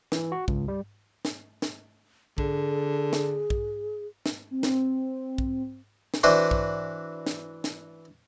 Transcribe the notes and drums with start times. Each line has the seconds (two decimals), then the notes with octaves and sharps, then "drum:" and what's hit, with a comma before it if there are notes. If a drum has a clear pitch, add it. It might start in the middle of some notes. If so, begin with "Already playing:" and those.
0.12 E3, drum: snare
0.32 F#4
0.48 C#2, drum: kick
0.68 G3
1.25 drum: snare
1.62 drum: snare
2.38 D3 G#4, drum: kick
3.13 drum: snare
3.50 drum: kick
4.26 drum: snare
4.51 C4
4.63 drum: snare
5.38 drum: kick
6.14 drum: snare
6.23 E3 D4 E4 F#4 B4 C5
6.51 drum: kick
7.26 drum: snare
7.64 drum: snare